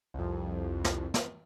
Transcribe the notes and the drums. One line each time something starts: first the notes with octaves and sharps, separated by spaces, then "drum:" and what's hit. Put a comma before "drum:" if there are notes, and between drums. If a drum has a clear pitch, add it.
C2 F2
drum: snare
drum: snare